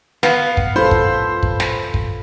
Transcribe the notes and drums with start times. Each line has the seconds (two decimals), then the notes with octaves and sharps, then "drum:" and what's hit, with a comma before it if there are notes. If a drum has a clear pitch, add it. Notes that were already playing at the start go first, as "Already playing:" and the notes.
0.23 B3 F5, drum: snare
0.57 drum: kick
0.76 F4 A4 C5 B5 C6
0.91 drum: kick
1.43 drum: kick
1.60 drum: snare
1.94 drum: kick